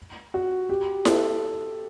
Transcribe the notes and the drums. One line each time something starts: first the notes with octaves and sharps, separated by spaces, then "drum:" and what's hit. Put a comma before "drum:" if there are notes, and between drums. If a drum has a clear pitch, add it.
F#4
G4
A4, drum: snare E4